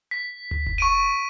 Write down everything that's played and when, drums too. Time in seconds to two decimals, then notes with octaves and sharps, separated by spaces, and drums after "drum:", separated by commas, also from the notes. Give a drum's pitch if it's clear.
0.11 B6
0.51 drum: tom D2
0.67 drum: kick F1
0.78 C#6 D7 D#7